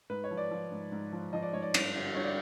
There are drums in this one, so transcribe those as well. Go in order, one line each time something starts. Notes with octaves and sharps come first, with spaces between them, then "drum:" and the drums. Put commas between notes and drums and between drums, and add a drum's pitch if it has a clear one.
G#2 B4
C#5
F3
D5
F3
G#2
G#2
F3
F3 D#5
D5
G#2 C#5
D5
G2, drum: cymbal
D3
G2 C#5
D5